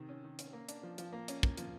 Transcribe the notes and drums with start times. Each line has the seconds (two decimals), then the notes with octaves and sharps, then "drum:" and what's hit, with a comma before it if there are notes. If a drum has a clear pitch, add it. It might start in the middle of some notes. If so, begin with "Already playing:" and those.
Already playing: C3 D#3
0.09 C#4
0.24 D#3
0.39 C#4, drum: hi-hat
0.53 A#3
0.69 D4, drum: hi-hat
0.83 F3
0.98 F3, drum: hi-hat
1.13 A#3
1.28 C#4, drum: hi-hat
1.43 A#3, drum: kick
1.57 F3, drum: hi-hat